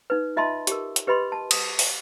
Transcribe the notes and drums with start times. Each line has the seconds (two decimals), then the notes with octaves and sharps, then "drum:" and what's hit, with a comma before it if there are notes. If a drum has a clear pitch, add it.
0.10 D#4 B4
0.37 F4 D#5 E5 A5 C6
0.67 G4 A#4, drum: hi-hat
0.96 drum: hi-hat
1.07 G4 B4 D#5 B5 C6
1.32 A5
1.51 D#6, drum: cymbal
1.79 drum: open hi-hat